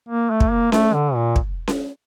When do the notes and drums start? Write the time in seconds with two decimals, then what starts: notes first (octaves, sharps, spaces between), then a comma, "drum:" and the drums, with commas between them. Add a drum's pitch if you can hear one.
0.09 A#3
0.30 A3
0.40 drum: kick
0.51 A#3
0.72 A3, drum: snare C#4
0.93 D3
1.15 A#2
1.36 drum: kick
1.68 drum: snare C#4